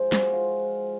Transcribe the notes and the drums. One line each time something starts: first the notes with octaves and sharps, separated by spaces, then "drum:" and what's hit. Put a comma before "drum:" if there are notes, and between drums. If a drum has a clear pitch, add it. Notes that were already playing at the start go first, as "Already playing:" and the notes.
Already playing: G#2 F3 G#3 G#4 C5
F#4, drum: snare
F4